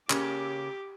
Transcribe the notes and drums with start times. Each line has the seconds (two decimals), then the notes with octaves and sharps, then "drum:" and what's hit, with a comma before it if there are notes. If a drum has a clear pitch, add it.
0.10 C#3 A#3 C#4 G4 D6, drum: clap